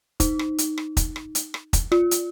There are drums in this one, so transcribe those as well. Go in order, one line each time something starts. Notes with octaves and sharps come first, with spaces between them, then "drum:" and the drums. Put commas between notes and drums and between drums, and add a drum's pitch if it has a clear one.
D#4, drum: kick, hi-hat
drum: rim click
drum: hi-hat
drum: rim click
drum: kick, hi-hat
drum: rim click
drum: hi-hat
drum: rim click
drum: kick, hi-hat
F4, drum: rim click
drum: hi-hat